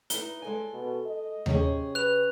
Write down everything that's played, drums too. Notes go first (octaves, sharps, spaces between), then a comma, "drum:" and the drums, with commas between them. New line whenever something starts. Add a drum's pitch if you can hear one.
D#4 E4 B4 G7, drum: hi-hat
G#3 A4 G#5
B2
D#5
C3 C#4 G#4, drum: tom D#2
B4 F#6 F7